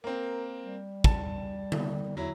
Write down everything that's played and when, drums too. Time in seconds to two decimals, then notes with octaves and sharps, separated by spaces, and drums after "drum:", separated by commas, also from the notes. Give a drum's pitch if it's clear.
0.04 A#3 C4 A#4
0.63 G3
1.04 A5, drum: kick
1.72 drum: tom D3
2.17 E2 F#3 E4